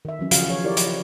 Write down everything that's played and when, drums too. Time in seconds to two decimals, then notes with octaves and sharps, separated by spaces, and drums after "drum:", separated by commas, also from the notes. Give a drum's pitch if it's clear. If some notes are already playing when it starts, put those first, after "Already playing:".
0.05 D#3 E5
0.19 E3 F#3 C#4
0.31 C#3 F3 F#4 F5, drum: hi-hat
0.50 F3 C#5
0.64 E4 G4 A#4 C#5 D5
0.77 F3, drum: hi-hat